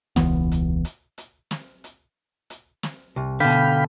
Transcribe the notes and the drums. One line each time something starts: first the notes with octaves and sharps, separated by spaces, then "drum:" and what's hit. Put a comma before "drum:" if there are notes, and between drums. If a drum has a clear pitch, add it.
E1 C#2 E3 B3, drum: snare
drum: hi-hat
drum: hi-hat
drum: hi-hat
drum: snare
drum: hi-hat
drum: hi-hat
drum: snare
C2
B2 D3 F5 G5 B5
drum: hi-hat